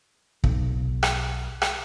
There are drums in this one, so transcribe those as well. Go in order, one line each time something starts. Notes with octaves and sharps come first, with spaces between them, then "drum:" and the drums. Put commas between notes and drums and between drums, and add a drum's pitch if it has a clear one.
B1, drum: kick
drum: rim click
drum: rim click